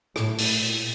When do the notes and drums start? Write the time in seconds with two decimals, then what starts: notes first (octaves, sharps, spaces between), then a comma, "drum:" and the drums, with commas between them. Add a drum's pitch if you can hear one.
0.16 A2, drum: rim click
0.38 drum: open hi-hat
0.56 A#2